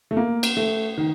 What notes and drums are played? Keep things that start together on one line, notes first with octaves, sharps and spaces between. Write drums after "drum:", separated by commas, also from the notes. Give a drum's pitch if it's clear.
A3
A#3
drum: cymbal
A3
D#3